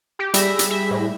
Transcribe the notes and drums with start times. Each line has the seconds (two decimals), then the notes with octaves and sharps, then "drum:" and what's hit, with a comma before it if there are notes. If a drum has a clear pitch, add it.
0.19 G4
0.34 G3 G4 G#4 E5 B5 A#6, drum: hi-hat
0.59 drum: hi-hat
0.70 E5
0.91 A2